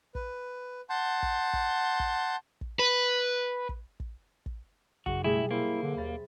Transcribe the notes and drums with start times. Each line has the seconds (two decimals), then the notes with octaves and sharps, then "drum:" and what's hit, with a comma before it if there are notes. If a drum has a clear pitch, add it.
0.15 B4, drum: kick
0.90 F#5 A5 C6 G6
1.23 drum: kick
1.53 drum: kick
2.00 drum: kick
2.61 drum: kick
2.79 B4
3.69 drum: kick
4.00 drum: kick
4.46 drum: kick
5.06 F#1 F#4, drum: kick
5.24 B2 G3 A3 E4 G#4
5.51 A#3 E4 C5 E5
5.82 D3
5.97 D#2 B5 A6